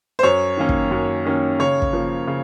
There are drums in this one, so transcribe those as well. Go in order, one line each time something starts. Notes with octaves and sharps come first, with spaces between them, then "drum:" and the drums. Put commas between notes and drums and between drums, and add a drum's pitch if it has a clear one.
C5
F#2 C#5
D#3 A#3 C#4
drum: kick
F#2
D#3 A#3 C#4
C#3 C#5
drum: kick
F3 A#3
C#3